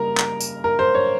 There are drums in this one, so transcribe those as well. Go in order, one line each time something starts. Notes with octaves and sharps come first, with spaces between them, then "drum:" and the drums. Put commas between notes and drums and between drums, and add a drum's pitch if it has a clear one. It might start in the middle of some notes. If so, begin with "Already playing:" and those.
Already playing: C#3 G3 A#3 A#4 A#5
drum: clap
drum: tambourine
A#4
C5
C#5